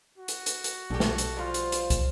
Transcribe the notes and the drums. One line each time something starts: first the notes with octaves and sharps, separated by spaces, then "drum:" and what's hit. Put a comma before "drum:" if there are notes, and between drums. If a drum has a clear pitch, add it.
F#4
drum: hi-hat
drum: hi-hat
drum: hi-hat
B1 G3 G4 A4
drum: snare
drum: hi-hat
F3 G3 F4
drum: hi-hat
drum: hi-hat
drum: kick, hi-hat